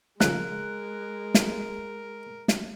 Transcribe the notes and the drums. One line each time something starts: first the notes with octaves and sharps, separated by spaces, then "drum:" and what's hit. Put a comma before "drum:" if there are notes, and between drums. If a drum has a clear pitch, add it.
C#3 F3 G#3 A#4 F#6, drum: snare
drum: snare
drum: snare